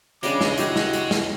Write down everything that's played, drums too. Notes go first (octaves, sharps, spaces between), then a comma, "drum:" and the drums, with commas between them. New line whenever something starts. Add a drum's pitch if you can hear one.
C#3 G3 G#3 D4 D6, drum: hi-hat
drum: snare
E4 F#4 G4, drum: hi-hat
drum: snare
drum: hi-hat
drum: snare